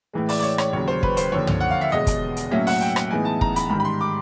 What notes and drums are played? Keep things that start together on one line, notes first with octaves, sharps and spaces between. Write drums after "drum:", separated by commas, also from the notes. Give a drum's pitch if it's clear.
A2 E3 G#3
D5, drum: open hi-hat
D5
C#5
C#5, drum: rim click
D#2 C#3 F#3 C#5
C5
B4, drum: kick
C5, drum: hi-hat
D#2 D3 F3 C#5
drum: tom
F#5
F5
E5
E2 B2 G#3 D#5
drum: kick, hi-hat
drum: hi-hat
A2 F#3 A#3 C#4 E5
F#5, drum: open hi-hat
G5
drum: rim click
A2 E3 G#3 B3 D#4 G#5
A5
A#5, drum: kick
B5, drum: hi-hat
G#2 D#3 G3 B5
B5
C6
D6